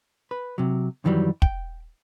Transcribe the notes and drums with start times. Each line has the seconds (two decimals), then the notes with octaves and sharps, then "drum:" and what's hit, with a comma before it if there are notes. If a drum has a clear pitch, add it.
0.31 B4
0.58 C3 F#3
1.04 F#2 D#3 E3 F#3 G3
1.42 G5, drum: kick